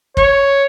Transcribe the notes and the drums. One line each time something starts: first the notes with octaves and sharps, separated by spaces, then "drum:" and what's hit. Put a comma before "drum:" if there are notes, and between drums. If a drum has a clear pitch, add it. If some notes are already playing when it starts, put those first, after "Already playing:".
C#5, drum: kick